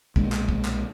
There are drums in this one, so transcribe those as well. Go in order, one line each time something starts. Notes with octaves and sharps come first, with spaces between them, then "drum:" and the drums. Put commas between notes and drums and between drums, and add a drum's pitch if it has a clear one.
B1 A#2 G#3 D4, drum: kick
drum: clap
drum: kick
drum: clap